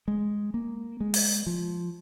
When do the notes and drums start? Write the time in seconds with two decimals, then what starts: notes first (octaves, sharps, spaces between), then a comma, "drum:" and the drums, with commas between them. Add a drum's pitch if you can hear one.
0.08 G#3
0.54 A#3
1.00 G#3
1.14 drum: open hi-hat
1.47 F3